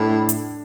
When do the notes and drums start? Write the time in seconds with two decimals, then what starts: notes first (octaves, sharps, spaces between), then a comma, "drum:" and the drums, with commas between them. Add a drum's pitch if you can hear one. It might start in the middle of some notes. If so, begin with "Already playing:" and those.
Already playing: A2 D4
0.29 drum: hi-hat